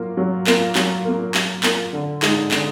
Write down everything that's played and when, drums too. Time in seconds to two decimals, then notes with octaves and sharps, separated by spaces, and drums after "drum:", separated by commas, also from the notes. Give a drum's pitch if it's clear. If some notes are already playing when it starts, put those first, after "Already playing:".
Already playing: F#3 A#3 F4 A#4
0.17 F#3
0.47 A#3 F4 A#4, drum: clap
0.75 F#3, drum: clap
1.05 A#3 F4 A#4
1.34 F#3, drum: clap
1.63 A#3 F4 A#4, drum: clap
1.93 D3
2.22 G#3 D#4, drum: clap
2.51 D3, drum: clap